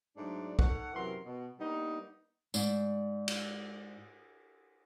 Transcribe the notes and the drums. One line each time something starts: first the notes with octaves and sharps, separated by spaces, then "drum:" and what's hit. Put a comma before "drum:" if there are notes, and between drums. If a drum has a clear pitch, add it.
G#2 F#3 A3 D4
D#4 A4 C#5 F#5, drum: kick
F#2 C3 E3 F#3 A#4 C6
B2
G3 A#3 B3 D4 D#4
G#2 D5, drum: tambourine
drum: cymbal